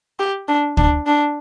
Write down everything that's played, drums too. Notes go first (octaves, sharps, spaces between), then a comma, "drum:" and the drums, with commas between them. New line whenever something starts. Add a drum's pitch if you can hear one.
G4
D4
D4, drum: kick
D4